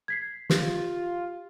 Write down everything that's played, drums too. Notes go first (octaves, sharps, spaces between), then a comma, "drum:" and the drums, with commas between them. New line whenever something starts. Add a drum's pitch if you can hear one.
G#6 B6 C7
F4 G4, drum: snare